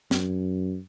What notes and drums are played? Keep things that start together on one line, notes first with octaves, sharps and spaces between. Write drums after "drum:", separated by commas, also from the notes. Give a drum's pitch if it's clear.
F#2, drum: snare